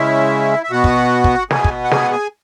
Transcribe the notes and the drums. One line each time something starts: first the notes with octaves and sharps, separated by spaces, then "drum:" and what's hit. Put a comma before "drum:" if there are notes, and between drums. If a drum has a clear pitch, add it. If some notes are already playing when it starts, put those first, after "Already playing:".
Already playing: C#3 G#3 C#4 E4 E5
E5
B2 B3 F#4 F#5
drum: kick
drum: kick
B2 B3 G#4 G#5, drum: snare
drum: kick
F#5
G#4 G#5, drum: snare
F#5
G#4 G#5